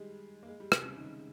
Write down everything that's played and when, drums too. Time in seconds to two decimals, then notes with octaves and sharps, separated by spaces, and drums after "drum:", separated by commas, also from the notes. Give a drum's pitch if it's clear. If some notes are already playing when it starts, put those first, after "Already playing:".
Already playing: D#3 G3 G#3
0.43 A#3
0.48 G#3
0.60 G3
0.72 C3, drum: rim click
0.85 C#3
0.96 D#3